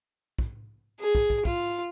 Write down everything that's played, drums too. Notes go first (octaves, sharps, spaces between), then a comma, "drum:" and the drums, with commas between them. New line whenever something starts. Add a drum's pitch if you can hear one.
drum: kick
G#4
drum: kick
drum: kick
F4, drum: kick